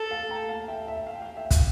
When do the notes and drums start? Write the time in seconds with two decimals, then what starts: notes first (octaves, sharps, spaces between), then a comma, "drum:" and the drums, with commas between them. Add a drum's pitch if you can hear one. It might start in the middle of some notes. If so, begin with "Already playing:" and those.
Already playing: A4
0.11 F5 A5
0.30 G5 A#5
0.49 F5 A5
0.68 E5 G5
0.88 E5
1.07 F5
1.15 G5
1.22 F5
1.36 E5 G5
1.51 drum: kick, hi-hat